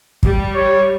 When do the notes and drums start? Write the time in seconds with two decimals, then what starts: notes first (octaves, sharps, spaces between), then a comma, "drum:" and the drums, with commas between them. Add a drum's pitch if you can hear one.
0.23 G3, drum: kick
0.55 C#5